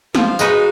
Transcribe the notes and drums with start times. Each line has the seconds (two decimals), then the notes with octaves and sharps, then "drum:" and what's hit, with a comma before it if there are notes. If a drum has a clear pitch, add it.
0.15 F3 F5, drum: snare
0.39 G#3 D#4 F#4 B4, drum: tambourine